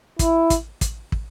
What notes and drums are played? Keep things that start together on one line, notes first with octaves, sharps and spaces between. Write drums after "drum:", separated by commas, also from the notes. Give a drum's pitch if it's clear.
E4, drum: kick, hi-hat
drum: kick, hi-hat
drum: kick, hi-hat
drum: kick